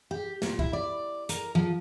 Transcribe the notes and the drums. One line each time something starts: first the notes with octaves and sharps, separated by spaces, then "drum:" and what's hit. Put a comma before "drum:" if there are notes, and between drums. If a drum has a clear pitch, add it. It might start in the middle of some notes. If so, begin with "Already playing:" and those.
G4
A#2, drum: snare
E4, drum: kick C2
D5
A#4, drum: hi-hat
F3